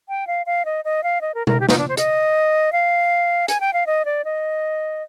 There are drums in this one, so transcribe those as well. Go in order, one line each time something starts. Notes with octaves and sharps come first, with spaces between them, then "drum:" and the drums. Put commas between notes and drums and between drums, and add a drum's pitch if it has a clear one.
G5
F5
F5
D#5
D#5
F5
D#5
A#4
A#4, drum: tom B2
G4
D#4, drum: snare
D4
C5
D#5, drum: hi-hat
F5
G#5, drum: hi-hat
G5
F5
D#5
D5
D#5